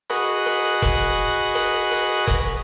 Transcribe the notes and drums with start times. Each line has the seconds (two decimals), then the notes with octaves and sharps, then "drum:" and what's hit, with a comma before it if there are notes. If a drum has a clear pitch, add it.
0.10 F#4 G#4 B4 D#5, drum: hi-hat
0.46 drum: hi-hat
0.82 drum: kick F1, hi-hat
1.55 drum: hi-hat
1.91 drum: hi-hat
2.27 drum: kick F1, hi-hat